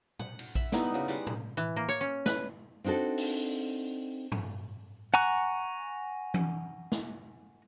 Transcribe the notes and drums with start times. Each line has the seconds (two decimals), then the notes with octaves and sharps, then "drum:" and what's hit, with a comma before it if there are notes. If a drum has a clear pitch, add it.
0.19 F#5, drum: tom A#2
0.39 drum: cymbal
0.55 E5 B5, drum: kick A#1
0.72 G3 B3 D#4 E4, drum: snare
0.94 C#3 F#4
1.08 G3 G#3 F#5
1.27 drum: tom A2
1.57 E3
1.76 A#3
1.89 C#5
2.01 C#4
2.26 B4, drum: snare
2.84 C4 D4 D#4 F#4 A4
3.18 drum: open hi-hat
4.32 drum: tom G2
5.14 F#5 G#5 A#5 C#6 F#6
6.34 drum: tom E3
6.92 drum: snare